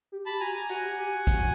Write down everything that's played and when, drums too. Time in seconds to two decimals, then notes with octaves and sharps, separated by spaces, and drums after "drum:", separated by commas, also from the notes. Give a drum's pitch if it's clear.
0.12 G4
0.26 G4 A5 B5
0.40 F#4 G#5 A#5
0.55 G4 G#5 A#5
0.69 F#4 F#5 G#5, drum: hi-hat
0.84 G4
0.98 G4
1.13 F#4
1.27 drum: kick A1, hi-hat